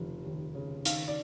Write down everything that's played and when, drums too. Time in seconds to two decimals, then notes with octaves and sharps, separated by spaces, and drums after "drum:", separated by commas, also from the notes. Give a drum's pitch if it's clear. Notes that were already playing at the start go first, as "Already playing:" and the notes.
Already playing: F1 C#3 F3
0.24 D#2
0.55 C#3
0.85 D#3 F5, drum: hi-hat
1.08 D5